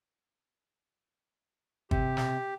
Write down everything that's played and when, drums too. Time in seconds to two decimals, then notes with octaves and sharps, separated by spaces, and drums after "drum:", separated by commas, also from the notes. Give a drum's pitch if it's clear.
1.91 C3 G4, drum: kick
2.17 drum: snare